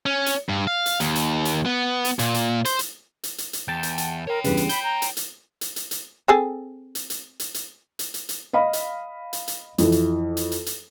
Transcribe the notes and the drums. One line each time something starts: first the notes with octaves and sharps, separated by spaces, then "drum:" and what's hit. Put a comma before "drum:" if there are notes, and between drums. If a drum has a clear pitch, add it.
C#4
drum: hi-hat
G2
F5
drum: hi-hat
D#2, drum: hi-hat
drum: hi-hat
drum: hi-hat
B3
drum: hi-hat
A#2, drum: hi-hat
drum: hi-hat
C5, drum: hi-hat
drum: hi-hat
drum: hi-hat
drum: hi-hat
drum: hi-hat
E2 G5 A5
drum: hi-hat
drum: hi-hat
A#4 C#5 G5
E2 G2 C#3 B4, drum: hi-hat
drum: hi-hat
B5 G6, drum: hi-hat
A#5
drum: hi-hat
drum: hi-hat
drum: hi-hat
drum: hi-hat
drum: hi-hat
C4 G#4 A4
drum: hi-hat
drum: hi-hat
drum: hi-hat
drum: hi-hat
drum: hi-hat
drum: hi-hat
drum: hi-hat
D#5 F5 B5
drum: hi-hat
drum: hi-hat
drum: hi-hat
F2 E3, drum: hi-hat
drum: hi-hat
drum: hi-hat
drum: hi-hat
drum: hi-hat